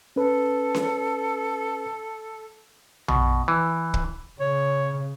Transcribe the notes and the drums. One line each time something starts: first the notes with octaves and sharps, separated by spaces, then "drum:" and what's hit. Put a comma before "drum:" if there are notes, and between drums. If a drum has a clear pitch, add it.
C#4 A4 B4
drum: snare C#4
B2, drum: tom A#1
E3
drum: kick
C#3 C#5